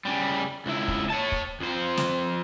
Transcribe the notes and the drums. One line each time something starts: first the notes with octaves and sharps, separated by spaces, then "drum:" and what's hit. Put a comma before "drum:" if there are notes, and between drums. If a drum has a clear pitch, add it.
C#3 G3
C#2 E4
drum: kick
C#5 A5
drum: kick
F2 C5
drum: snare